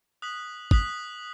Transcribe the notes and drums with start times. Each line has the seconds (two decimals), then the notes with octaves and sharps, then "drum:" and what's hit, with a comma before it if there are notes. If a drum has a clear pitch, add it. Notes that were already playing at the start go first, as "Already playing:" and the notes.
0.22 D#6 F#6 B6 F#7
0.71 D#6 F#6 B6 F#7, drum: kick